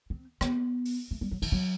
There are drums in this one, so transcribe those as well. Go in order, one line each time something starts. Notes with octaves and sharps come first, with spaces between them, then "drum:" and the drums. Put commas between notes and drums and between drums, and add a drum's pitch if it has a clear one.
C4
B3, drum: rim click
drum: open hi-hat
A3
G3
F#3
E3, drum: cymbal
F#3